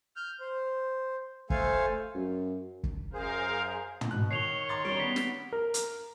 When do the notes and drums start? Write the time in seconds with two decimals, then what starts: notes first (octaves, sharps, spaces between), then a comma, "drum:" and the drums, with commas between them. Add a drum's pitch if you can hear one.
0.16 F6 G6
0.40 C5
1.50 A3 A4 C5 F5 G#5, drum: kick
2.14 F#2
2.83 drum: kick
3.13 F#2 G#4 A#4 C5 F5
4.01 drum: tom
4.11 B2 F#6
4.31 D#3 C#5 C7 F7 G7
4.69 A#5 C6 A6
4.85 G3 C#4 D7 G7
5.00 B3 B6
5.16 drum: snare
5.53 A#4
5.74 drum: hi-hat